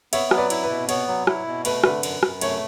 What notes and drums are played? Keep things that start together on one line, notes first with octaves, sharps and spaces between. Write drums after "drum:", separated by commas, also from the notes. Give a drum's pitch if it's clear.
B3 C#5 E5, drum: cymbal
F#3, drum: rim click
B4 D5
E4, drum: cymbal
B4
B2
B3 C#5, drum: cymbal
F#3
E4, drum: rim click
B2
A3 B4, drum: cymbal
D3 B4, drum: rim click
F#2, drum: cymbal
F#2, drum: rim click
A3 C#5, drum: cymbal